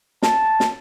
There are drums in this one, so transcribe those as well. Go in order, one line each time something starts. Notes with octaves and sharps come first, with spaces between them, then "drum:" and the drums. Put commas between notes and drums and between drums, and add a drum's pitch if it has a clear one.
A5, drum: snare
drum: snare